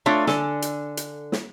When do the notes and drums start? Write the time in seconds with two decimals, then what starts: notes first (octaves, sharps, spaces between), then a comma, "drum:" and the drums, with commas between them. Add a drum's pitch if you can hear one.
0.06 A3 D4 F4 C#5
0.27 D3 A4 G#5, drum: snare
0.62 drum: hi-hat
0.97 drum: hi-hat
1.32 drum: snare